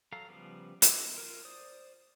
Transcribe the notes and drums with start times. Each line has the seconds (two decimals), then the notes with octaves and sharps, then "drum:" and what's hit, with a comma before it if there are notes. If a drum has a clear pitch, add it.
0.12 F#3 A4 F5 A#5
0.29 C#3 F3 G3 B3
0.82 F4 D#5 D6 E6, drum: hi-hat
1.18 F4 A#4
1.45 C5 D5 D#6